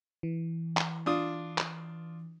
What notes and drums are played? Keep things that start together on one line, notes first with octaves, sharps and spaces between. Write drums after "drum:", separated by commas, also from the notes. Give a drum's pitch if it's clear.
E3
drum: clap
D4 F4 D#6
drum: clap